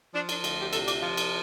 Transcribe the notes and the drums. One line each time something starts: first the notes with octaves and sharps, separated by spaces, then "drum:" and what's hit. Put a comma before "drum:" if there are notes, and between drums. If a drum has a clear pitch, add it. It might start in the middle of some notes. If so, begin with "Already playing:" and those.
F3 D4
D4, drum: cymbal
D2, drum: cymbal
G4
C3 A4, drum: cymbal
D5, drum: cymbal
F3 F5
drum: cymbal